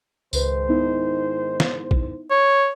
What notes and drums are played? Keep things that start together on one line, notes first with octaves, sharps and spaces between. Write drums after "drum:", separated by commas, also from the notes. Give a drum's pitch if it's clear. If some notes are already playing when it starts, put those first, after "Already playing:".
C#2 G#2 D#3 B4 C5, drum: tambourine
B3 D#4 E4
drum: snare
drum: kick
C#5